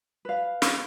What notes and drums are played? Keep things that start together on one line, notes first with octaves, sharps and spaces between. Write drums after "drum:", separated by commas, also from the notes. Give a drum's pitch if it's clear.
B4 F5
drum: snare